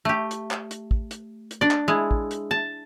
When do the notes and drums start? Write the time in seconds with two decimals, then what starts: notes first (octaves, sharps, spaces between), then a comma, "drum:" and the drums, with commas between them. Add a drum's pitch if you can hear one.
0.05 A3 G4
0.31 drum: hi-hat
0.51 drum: clap
0.71 drum: hi-hat
0.91 drum: kick
1.11 drum: hi-hat
1.51 drum: hi-hat
1.61 D4 D5
1.71 drum: clap
1.88 G#3 E4
2.11 drum: kick
2.31 drum: hi-hat
2.51 A5